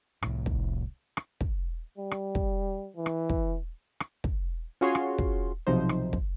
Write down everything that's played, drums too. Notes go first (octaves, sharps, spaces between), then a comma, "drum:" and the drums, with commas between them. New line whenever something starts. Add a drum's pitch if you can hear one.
C2 A2, drum: rim click
drum: kick
drum: rim click
drum: kick
G3
drum: rim click
drum: kick
E3
drum: rim click
drum: kick
drum: rim click
drum: kick
C#4 F4 F#4 G#4 C#5 C6
drum: rim click
drum: kick
B1 C3 F3 D#4 C5
drum: rim click
drum: kick